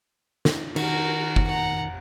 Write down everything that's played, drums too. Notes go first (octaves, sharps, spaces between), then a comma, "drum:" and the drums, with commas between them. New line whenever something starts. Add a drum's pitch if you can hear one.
drum: snare
D#3 F#4 A#4, drum: cymbal
drum: kick
F#5 A#5